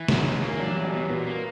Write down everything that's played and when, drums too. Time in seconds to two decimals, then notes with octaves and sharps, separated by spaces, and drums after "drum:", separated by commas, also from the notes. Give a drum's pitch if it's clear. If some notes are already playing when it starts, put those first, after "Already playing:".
Already playing: E3
0.08 E2 F#3, drum: snare
0.25 B2
0.34 E3
0.42 A#3
0.59 F#3 D4
0.72 G3
0.76 E2
0.84 F#3
0.92 B2 G3
1.09 A#2 B3
1.26 A#3